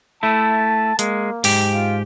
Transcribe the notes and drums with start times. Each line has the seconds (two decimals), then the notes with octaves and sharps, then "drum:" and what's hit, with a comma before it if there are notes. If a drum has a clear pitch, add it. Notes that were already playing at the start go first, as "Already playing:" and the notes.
0.23 A3 E4 A5
0.99 G#3 A#3, drum: hi-hat
1.44 G#2 G4, drum: open hi-hat
1.73 F4